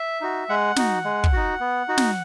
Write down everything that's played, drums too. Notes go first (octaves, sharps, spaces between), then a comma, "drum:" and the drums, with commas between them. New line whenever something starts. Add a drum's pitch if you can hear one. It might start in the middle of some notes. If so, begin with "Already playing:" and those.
Already playing: E5
D#4 F#4
G#3 F#5
D#4 F#4, drum: snare
G#3
drum: kick
D#4 F#4
B3
D#4 F#4
drum: snare